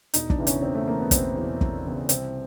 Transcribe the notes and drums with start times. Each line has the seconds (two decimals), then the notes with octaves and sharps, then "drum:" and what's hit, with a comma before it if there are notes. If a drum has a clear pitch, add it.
0.14 E1 D#4, drum: hi-hat
0.30 D4, drum: kick
0.38 E2 C#3 E3
0.47 C#4, drum: hi-hat
0.62 E1 C4
0.75 A3
0.87 E2 C#3 E3 A#3
1.00 B3
1.11 E1 C4, drum: kick, hi-hat
1.36 E2 C#3 E3
1.61 E1, drum: kick
1.85 E2 C#3 E3
2.09 C2 C4, drum: hi-hat